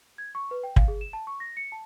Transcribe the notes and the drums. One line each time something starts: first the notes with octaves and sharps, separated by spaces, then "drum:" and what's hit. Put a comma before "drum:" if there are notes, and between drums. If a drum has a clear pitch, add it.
G#6
C#6
B4
G5
F5, drum: kick
G#4
E7
A5
C#6
A#6
C#7
A5